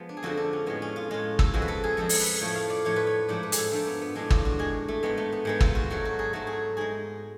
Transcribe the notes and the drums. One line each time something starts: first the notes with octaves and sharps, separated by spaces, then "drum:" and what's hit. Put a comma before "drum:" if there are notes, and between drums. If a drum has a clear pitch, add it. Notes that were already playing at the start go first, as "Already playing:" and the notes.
Already playing: F3 G#3 B3
D4
G#4
F2 D3 F3 G#3 F#4
D4
C#4
A2 G#3 B3
C#4
F4
A2 G#3 F4
A4, drum: kick
F2 F3 G#3 F#4
B4
A4
G#4
F2 F3 G#3 A4
drum: open hi-hat
B4
A2 F3 A3 C#5
F5
D5
A2 F3 A3 C#5
B4
C#5
G#2 F3 A3 D5
B4
G#4, drum: hi-hat
A4
G#2 F3 A3 D4
B3
B3
A2 G#3 D4
F4, drum: kick
F#4
A2 G#3 G#4
A3
G#2 G#3 B3
A3
B3
G#2 G#3 B3
F4, drum: kick
F#4
G#2 F#3 A3 F#4
F#4
G#4
G#2 F#3 A3 F#4
G#4
G#2 G#3 G#4